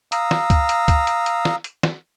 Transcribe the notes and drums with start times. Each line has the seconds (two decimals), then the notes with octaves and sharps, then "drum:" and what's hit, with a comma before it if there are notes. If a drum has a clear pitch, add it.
0.12 F5 A#5 D#6 E6, drum: hi-hat
0.31 drum: snare
0.50 drum: kick C#2, hi-hat
0.69 drum: hi-hat
0.88 drum: kick C#2, hi-hat
1.07 drum: hi-hat
1.26 drum: hi-hat
1.45 drum: snare
1.64 drum: hi-hat
1.83 drum: snare